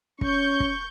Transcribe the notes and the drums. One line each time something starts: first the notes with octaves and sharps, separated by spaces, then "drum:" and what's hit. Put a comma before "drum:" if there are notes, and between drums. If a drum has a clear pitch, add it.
C#4 C#6 G6, drum: kick
drum: kick